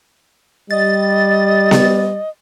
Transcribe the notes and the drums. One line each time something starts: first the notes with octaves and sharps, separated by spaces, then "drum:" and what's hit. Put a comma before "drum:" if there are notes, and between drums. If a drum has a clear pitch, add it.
G3 D#5 A6
drum: snare B3